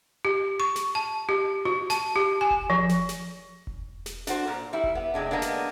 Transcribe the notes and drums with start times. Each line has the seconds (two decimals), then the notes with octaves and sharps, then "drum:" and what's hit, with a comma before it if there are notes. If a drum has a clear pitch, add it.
0.25 G4
0.60 C#6
0.76 drum: snare
0.95 A5
1.29 G4
1.65 F#4
1.90 A5, drum: snare
2.16 G4
2.41 G#5
2.50 drum: kick E1
2.70 F3
2.89 drum: snare
3.09 drum: snare
3.67 drum: kick E1
4.06 drum: snare
4.27 D4 F#4 C5, drum: snare
4.47 A#2
4.73 G3 E4
4.84 drum: kick E1
4.95 B3
5.14 C3 G#3 D4
5.31 G#3 A#3 B3 D4
5.42 drum: snare